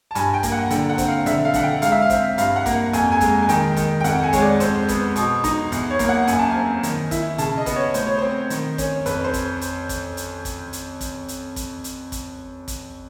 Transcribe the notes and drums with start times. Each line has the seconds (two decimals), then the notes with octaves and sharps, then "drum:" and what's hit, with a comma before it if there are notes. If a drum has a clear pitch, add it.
0.11 A5
0.15 G2 G#5, drum: hi-hat
0.34 G5
0.43 A#3, drum: kick, hi-hat
0.52 F#5
0.70 D3 G5, drum: hi-hat
0.89 F#5
0.98 C4, drum: kick, hi-hat
1.08 F5
1.26 D3 E5, drum: hi-hat
1.45 F5
1.54 D3 F#5, drum: kick, hi-hat
1.63 G5
1.82 G#2 F5, drum: hi-hat
1.92 E5
2.02 F5
2.10 C4, drum: kick, hi-hat
2.38 G2 F5, drum: hi-hat
2.56 F#5
2.66 A#3, drum: kick, hi-hat
2.93 F2 G#5, drum: hi-hat
3.12 G#5
3.21 G#3, drum: kick, hi-hat
3.43 G#5
3.49 D#3 G5, drum: hi-hat
3.76 D#3, drum: kick, hi-hat
4.00 G5
4.04 F2 F#5, drum: hi-hat
4.23 G#5
4.33 G#3 C#5, drum: kick, hi-hat
4.41 D5
4.60 F2 C5, drum: hi-hat
4.88 B3, drum: kick, hi-hat
5.16 B2, drum: hi-hat
5.44 D#4, drum: kick, hi-hat
5.72 E2, drum: hi-hat
5.90 C#5
5.99 A#3, drum: kick, hi-hat
6.09 F#5
6.28 F#2 G#5, drum: hi-hat
6.39 A5
6.51 C4 G#5
6.83 D#3, drum: hi-hat
7.11 E4, drum: kick, hi-hat
7.38 C#3 A5, drum: hi-hat
7.57 D#5
7.66 B3, drum: kick, hi-hat
7.76 C#5
7.94 A2 C5, drum: hi-hat
8.06 C#5
8.18 C4 C5
8.50 D#3, drum: hi-hat
8.78 C#4, drum: kick, hi-hat
9.06 F2 B4, drum: hi-hat
9.24 C5
9.34 drum: kick, hi-hat
9.61 drum: hi-hat
9.89 drum: kick, hi-hat
10.17 drum: hi-hat
10.45 drum: kick, hi-hat
10.73 drum: hi-hat
11.01 drum: kick, hi-hat
11.28 drum: hi-hat
11.56 drum: kick, hi-hat
11.84 drum: hi-hat
12.12 drum: kick, hi-hat
12.68 drum: kick, hi-hat